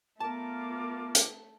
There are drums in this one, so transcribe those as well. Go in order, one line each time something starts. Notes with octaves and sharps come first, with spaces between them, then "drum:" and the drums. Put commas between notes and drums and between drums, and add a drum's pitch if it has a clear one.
A3 B3 F4 A#4 A5 D6
drum: hi-hat